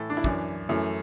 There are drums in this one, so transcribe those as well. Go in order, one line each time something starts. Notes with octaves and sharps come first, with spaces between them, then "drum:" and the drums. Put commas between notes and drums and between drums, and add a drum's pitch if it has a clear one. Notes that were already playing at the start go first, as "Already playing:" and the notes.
Already playing: A2 E3 A4
D4
E4
F#2 E3 D4, drum: kick
F#2 E3 A3